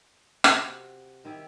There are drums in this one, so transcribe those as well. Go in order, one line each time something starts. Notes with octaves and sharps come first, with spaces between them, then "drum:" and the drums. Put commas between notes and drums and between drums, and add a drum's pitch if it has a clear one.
C3 F#4, drum: rim click
D#3 E4 G4